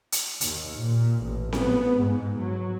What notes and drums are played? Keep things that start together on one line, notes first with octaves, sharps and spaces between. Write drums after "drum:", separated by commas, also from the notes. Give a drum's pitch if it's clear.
drum: hi-hat
D#2, drum: hi-hat
A#2
A1
B3, drum: snare C4
G#2
F#3